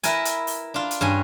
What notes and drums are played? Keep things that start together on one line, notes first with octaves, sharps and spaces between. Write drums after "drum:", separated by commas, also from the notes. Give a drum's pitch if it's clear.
E4 A#4 B4 G#5, drum: hi-hat
drum: hi-hat
drum: open hi-hat
D4 F4
drum: hi-hat
G2 C#4 G#5